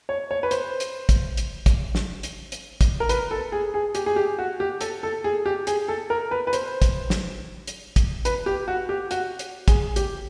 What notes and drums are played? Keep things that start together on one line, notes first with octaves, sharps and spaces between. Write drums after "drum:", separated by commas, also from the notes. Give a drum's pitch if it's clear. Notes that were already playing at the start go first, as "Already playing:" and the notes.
C#5
C#5
B4
C5, drum: hi-hat
drum: hi-hat
drum: kick, hi-hat
drum: hi-hat
drum: kick, hi-hat
drum: snare
drum: hi-hat
drum: hi-hat
drum: kick, hi-hat
A#4
B4, drum: hi-hat
A4
G#4
G#4
G4, drum: hi-hat
G#4
G4
F#4
G4
A4, drum: hi-hat
A4
G#4
G4
G#4, drum: hi-hat
A4
A#4
B4
B4
C5, drum: hi-hat
drum: kick, hi-hat
drum: snare
drum: hi-hat
drum: kick, hi-hat
B4, drum: hi-hat
G4
F#4
G4
F#4, drum: hi-hat
drum: hi-hat
G#4, drum: kick, hi-hat
G4, drum: hi-hat